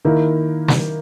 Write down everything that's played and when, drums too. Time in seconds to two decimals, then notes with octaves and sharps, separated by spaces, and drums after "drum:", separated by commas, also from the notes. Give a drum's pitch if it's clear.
0.05 D#3 A#3 E4
0.68 drum: snare